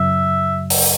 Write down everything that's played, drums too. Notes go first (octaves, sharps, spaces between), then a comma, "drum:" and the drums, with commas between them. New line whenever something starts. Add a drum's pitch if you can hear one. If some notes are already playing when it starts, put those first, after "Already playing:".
Already playing: F#2 C#3 F#3 E5
drum: open hi-hat